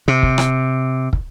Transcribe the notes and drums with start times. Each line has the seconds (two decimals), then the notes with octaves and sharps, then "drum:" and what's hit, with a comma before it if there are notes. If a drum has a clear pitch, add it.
0.08 C3
0.23 drum: kick
0.38 drum: rim click
1.13 drum: kick